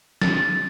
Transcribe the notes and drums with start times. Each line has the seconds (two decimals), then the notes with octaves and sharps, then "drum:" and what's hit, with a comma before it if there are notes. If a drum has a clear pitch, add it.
0.21 A6, drum: snare